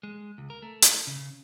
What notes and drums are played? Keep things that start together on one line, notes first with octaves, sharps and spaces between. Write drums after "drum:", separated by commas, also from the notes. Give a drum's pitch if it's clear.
G#3
C#2
A#4
A3
drum: hi-hat
C#3